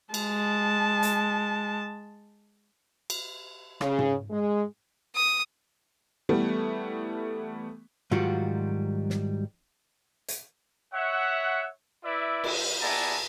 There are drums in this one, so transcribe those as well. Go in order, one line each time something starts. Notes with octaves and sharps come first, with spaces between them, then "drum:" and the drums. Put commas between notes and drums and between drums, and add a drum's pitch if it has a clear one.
G#3 A5, drum: cymbal
drum: hi-hat
drum: cymbal
C#3, drum: rim click
drum: tom G#2
G#3
D#6
E3 G3 A3 B3
G#2 D#3 F#3 G3 F4 F#4
drum: snare
drum: hi-hat
C#5 E5 F#5
E4 B4 D5 E5
drum: cymbal
B3 E4 G#4 D5 A5 A#5